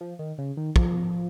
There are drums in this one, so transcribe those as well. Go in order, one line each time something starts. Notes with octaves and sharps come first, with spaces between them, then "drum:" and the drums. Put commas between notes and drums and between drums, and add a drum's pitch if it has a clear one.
F3
D#3
C#3
D#3
F3, drum: kick